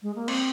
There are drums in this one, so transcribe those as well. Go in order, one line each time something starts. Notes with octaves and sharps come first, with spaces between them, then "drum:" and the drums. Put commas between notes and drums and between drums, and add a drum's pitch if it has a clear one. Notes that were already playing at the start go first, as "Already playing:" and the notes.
G#3
A#3
C4, drum: cymbal